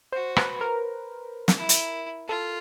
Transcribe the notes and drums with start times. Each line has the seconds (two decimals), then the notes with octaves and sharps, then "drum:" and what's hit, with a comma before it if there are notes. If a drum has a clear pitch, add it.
0.12 F#4 C5
0.36 B4, drum: rim click
0.61 A#4
1.48 drum: snare
1.57 E4
1.69 drum: hi-hat
2.29 F4 A4